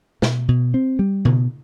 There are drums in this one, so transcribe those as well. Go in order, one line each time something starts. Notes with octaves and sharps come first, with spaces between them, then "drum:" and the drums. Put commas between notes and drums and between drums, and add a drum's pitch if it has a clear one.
B2, drum: snare
B2
C4
G3
B2, drum: tom C#3